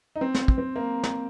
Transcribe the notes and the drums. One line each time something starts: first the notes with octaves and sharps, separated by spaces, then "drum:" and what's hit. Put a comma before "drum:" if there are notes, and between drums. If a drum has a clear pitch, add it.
D#4
C4
drum: snare
drum: kick
C4
A#3
drum: snare